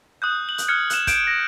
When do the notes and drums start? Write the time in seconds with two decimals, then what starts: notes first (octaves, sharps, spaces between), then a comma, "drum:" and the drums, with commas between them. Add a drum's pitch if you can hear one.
0.22 D#6 F#6 G6
0.49 F#7
0.58 drum: hi-hat
0.68 F6 F#6 G#6 C#7
0.90 F#6 E7, drum: hi-hat
1.07 G6 D7, drum: kick, hi-hat
1.27 A#6